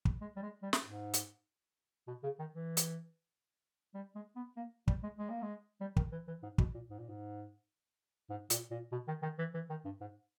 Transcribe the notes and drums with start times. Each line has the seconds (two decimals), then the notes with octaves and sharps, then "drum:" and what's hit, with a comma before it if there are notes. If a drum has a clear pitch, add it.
0.05 drum: kick
0.21 G#3
0.36 G3
0.42 G#3
0.63 G3
0.73 drum: snare
0.84 G#2
1.14 drum: hi-hat
2.08 B2
2.23 C#3
2.39 D#3
2.55 E3
2.77 drum: hi-hat
3.95 G3
4.15 G#3
4.36 B3
4.57 A#3
4.88 G3, drum: kick
5.03 G#3
5.19 G#3
5.30 A#3
5.42 G#3
5.81 G3
5.96 D#3, drum: kick
6.12 E3
6.27 E3
6.43 G#2
6.58 B2, drum: kick
6.74 A#2
6.90 G#2
6.99 A#2
7.09 G#2
8.30 G#2
8.50 A#2, drum: hi-hat
8.71 A#2
8.92 B2
9.08 D#3
9.23 D#3
9.39 E3
9.54 E3
9.70 D#3
9.85 G2
10.01 G#2